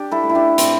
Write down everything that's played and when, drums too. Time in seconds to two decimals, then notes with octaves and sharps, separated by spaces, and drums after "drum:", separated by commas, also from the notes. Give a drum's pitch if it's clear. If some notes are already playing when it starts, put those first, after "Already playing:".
Already playing: D4 G4
0.11 E4 A4
0.23 A3
0.29 E4
0.35 D4 G4
0.58 A2 C4 E4, drum: hi-hat